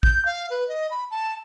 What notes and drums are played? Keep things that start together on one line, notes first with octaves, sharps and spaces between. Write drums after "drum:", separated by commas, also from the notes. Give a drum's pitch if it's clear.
G6, drum: kick
F5
B4
D#5
B5
A5